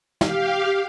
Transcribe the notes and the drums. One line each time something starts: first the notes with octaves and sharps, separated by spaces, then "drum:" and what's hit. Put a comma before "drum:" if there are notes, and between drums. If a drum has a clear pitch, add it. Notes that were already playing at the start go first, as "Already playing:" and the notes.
G4 F5, drum: snare